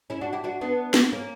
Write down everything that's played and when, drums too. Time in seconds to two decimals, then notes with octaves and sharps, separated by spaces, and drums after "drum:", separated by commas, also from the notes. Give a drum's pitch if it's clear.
0.10 C#4 E4
0.21 D4 F#4
0.33 E4 G4
0.44 D4 F#4
0.61 B3 D4
0.94 drum: snare
1.12 A#3 C#4